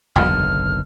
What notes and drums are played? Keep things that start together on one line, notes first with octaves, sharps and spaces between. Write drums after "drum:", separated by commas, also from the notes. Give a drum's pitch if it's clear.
F#1 B1 D3 F6, drum: tom E2